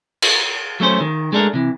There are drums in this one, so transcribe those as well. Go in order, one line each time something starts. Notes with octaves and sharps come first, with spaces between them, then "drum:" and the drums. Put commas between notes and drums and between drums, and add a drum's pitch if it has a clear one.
drum: cymbal
F#3 A3 C#4 C5
D#3
G#3 A3 D4 A4 A#4
C3 E3